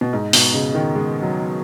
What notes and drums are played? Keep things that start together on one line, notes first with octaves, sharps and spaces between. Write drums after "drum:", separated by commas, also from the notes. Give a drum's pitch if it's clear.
B2
G#2
B2, drum: open hi-hat
C#3
D#3
G#3
F#3